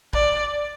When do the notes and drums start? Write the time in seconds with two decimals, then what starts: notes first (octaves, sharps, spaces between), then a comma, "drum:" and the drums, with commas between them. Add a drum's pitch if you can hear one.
0.13 D5, drum: kick